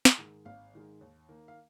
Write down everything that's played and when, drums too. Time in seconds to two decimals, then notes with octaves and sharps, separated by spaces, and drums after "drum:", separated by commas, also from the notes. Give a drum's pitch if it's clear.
0.05 drum: snare
0.18 G#2 D#3 G#3
0.45 G#1 F5
0.74 G#2 D#3 G#3
1.01 D#2
1.29 D#3 A#3
1.48 F5